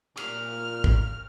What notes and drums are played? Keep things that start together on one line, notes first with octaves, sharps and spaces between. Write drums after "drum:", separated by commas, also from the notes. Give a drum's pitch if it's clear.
A#2 F6, drum: cymbal
drum: kick